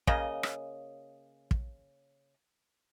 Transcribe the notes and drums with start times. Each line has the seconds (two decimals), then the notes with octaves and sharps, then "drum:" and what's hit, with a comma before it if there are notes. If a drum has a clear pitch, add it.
0.07 C#3 A#3 D#5, drum: kick
0.43 drum: rim click
1.51 drum: kick